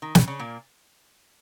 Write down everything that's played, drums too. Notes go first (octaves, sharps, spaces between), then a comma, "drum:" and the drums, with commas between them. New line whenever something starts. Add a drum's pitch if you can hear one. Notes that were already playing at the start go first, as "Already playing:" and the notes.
D#3
C#3, drum: snare
C#3 C#4
A#2 A#3